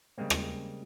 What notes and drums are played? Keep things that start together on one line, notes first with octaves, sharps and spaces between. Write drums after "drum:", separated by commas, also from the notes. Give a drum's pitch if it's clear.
C#3 G3 G#3 A#3 C4
drum: rim click